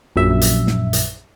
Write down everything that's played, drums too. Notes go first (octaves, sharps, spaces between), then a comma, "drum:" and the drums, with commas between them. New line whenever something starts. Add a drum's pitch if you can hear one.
A#1 F#2 E5
drum: hi-hat
drum: snare
drum: hi-hat